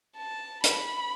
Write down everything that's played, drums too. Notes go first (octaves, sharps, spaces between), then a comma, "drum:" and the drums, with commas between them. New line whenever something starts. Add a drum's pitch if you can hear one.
A5
B5, drum: hi-hat